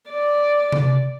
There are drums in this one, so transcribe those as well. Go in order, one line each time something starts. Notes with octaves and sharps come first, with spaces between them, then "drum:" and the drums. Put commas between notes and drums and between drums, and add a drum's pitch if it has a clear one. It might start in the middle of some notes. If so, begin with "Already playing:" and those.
D5
drum: tom C3